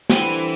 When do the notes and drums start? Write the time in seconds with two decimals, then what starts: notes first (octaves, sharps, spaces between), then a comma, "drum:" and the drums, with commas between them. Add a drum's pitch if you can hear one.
0.10 D3 E3 G3 C4, drum: snare